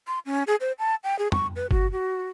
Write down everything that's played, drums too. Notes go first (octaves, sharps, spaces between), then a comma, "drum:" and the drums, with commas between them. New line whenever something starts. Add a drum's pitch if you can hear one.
C6
C#4
G#4
C5
A5
G5
G#4
C#6, drum: tom
B4
F#4, drum: kick G1
F#4